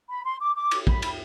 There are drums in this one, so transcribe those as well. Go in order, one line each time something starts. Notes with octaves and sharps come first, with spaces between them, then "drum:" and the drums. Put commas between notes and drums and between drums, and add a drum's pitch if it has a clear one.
B5
C6
D6
D6
drum: cymbal
B5, drum: kick
drum: cymbal